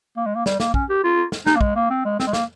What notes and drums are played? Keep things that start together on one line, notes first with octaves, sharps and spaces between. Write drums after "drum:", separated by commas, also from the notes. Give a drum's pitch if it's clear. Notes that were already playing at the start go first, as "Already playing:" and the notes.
A#3
G#3
A#3
G3, drum: snare
A#3, drum: snare
C#4, drum: kick
G4
F4
drum: snare
D#4, drum: snare
A#3
G#3, drum: kick
A#3
C4
G#3
C4, drum: snare
G#3
A#3, drum: snare